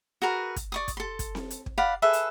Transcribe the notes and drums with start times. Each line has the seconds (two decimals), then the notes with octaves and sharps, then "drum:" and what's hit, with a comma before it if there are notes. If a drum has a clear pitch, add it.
0.22 F#4 G#4 A#4 B4
0.56 drum: kick, hi-hat
0.72 D5 C#6 D#6
0.88 drum: kick, hi-hat
0.97 A4 C6
1.19 drum: kick, hi-hat
1.35 drum: snare C4
1.50 drum: hi-hat
1.66 drum: kick
1.78 D5 F5 F#5 B5
2.02 G#4 A4 B4 E5
2.13 drum: hi-hat